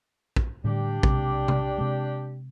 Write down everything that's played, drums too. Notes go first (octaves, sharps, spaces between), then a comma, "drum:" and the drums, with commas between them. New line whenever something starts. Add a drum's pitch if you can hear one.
drum: kick
A2 D3 G3 D4 G4
B1 C3 G#3, drum: kick
drum: tom C3
C3 G#3